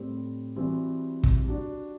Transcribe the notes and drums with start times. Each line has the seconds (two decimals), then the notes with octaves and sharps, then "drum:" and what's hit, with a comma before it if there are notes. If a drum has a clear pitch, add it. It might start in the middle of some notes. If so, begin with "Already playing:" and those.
Already playing: A2 G3 C4
0.56 E3 G3 C4 F#4
1.23 drum: kick
1.46 G3 D4 F#4